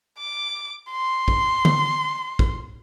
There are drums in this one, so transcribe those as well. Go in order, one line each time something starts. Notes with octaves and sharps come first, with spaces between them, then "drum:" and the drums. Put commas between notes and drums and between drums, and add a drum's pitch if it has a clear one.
D6
C6
drum: kick
drum: tom D3
drum: kick